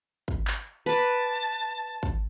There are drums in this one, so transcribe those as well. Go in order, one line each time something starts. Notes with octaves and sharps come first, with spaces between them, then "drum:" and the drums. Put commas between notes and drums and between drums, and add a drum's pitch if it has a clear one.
drum: kick
drum: clap
B4 A5 D6
drum: kick